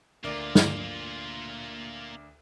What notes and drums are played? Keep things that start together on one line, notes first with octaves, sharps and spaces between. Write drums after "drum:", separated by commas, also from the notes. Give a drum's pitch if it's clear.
D2 A#3 F4 A#4 D5
drum: snare